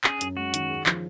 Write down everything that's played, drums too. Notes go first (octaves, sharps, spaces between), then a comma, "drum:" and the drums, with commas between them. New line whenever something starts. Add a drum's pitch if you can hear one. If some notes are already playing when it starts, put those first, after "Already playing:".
C#4 G#4, drum: clap
F#2, drum: hi-hat
G#3 F#4
D#3, drum: hi-hat
G#4
F3, drum: clap